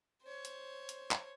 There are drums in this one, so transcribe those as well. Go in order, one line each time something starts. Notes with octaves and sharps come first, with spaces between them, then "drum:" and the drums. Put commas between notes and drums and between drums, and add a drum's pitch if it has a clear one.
C5 C#5
drum: hi-hat
drum: hi-hat
drum: clap